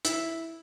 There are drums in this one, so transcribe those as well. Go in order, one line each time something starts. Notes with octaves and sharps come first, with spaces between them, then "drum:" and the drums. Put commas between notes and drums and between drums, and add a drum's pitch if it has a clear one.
E4, drum: hi-hat